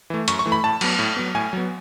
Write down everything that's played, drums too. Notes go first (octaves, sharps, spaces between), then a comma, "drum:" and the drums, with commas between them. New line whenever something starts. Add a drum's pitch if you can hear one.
E3 A3
F#2 C#6, drum: hi-hat
C#6
E3 A3
B5
A2 A5
F#3 B3, drum: cymbal
A2
F#3 B3
A2 G#5
F#3 B3